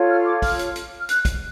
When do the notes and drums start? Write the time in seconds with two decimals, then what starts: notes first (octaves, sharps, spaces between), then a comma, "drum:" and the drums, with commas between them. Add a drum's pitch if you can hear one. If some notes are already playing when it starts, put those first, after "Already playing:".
Already playing: F4 A4 C#5
0.10 F6
0.26 D6
0.42 F6, drum: kick, open hi-hat
0.59 drum: hi-hat
0.76 drum: hi-hat
0.99 F6
1.09 F#6, drum: hi-hat
1.25 drum: kick, hi-hat